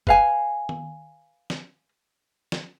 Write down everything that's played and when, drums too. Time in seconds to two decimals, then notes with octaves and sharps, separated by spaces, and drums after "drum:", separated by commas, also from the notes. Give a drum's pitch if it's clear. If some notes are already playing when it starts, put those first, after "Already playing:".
0.07 B4 F5 G#5, drum: kick G1
0.69 drum: tom D#3
1.50 drum: snare
2.52 drum: snare